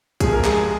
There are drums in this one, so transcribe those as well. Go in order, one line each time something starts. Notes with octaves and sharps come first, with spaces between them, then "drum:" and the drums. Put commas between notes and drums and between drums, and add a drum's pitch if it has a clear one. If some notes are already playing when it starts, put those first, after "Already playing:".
C2 C3 F3 A#3 G#4, drum: kick A#1, hi-hat
A#4
G#3 G#4, drum: clap